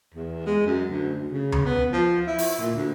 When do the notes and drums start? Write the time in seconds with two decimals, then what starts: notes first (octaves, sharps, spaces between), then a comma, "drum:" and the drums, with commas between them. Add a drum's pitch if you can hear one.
0.14 E2
0.46 G#3
0.66 F#2
0.90 D2
1.32 C#3
1.52 drum: tom D2
1.65 B3
1.92 F3
2.27 E4
2.38 drum: open hi-hat
2.58 A#2
2.75 D2